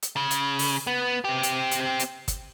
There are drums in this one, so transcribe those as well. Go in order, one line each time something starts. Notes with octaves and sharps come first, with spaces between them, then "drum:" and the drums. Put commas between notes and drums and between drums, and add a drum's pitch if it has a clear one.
drum: hi-hat
C#3
drum: hi-hat
drum: open hi-hat
B3
C4 G4
drum: hi-hat
drum: hi-hat
drum: hi-hat
drum: kick, hi-hat